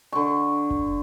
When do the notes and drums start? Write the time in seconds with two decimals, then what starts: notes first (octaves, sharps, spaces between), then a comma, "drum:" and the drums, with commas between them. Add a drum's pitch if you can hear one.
0.13 D3 C#6
0.71 drum: kick F#1